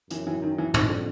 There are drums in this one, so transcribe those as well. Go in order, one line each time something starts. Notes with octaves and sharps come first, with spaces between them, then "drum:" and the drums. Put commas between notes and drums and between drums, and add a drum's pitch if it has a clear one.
F#2 E3, drum: hi-hat
E3
D#3
E3
F2 D#3, drum: tom
D3